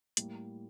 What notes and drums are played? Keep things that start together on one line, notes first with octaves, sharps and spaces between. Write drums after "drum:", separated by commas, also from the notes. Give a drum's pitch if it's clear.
A2 G3 A#3 E4, drum: hi-hat